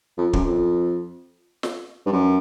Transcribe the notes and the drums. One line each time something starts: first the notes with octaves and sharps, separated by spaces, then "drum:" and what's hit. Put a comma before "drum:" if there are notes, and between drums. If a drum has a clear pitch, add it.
F2
F#2, drum: kick
F2
drum: snare
G2
F#2